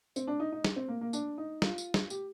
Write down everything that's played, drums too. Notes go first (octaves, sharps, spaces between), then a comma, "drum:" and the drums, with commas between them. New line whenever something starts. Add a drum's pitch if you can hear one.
C4, drum: tambourine
D4
D#4
D#4
drum: snare
C4
A#3
A#3
D4, drum: tambourine
D#4
F4, drum: snare
drum: tambourine
drum: snare
G4, drum: tambourine